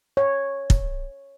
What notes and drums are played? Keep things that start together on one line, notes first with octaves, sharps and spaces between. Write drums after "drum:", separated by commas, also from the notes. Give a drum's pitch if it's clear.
C#5
drum: kick